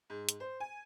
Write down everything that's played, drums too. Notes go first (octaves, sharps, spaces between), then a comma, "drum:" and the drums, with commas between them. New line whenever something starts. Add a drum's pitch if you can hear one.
G#2
drum: hi-hat
C5
G#5